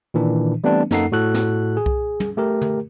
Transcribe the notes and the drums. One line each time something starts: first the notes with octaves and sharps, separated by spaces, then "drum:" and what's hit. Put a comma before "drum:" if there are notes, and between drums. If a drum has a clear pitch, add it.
A#2 D#3 E3 D4
E3 G3 A3 B3 C4 D4
F#2 A#3 D#4 A4 F#5 C7, drum: snare
A2 F#4 A4 F#6
drum: snare
G#4
drum: kick C2
drum: tom
A3 G4 A#4
drum: tom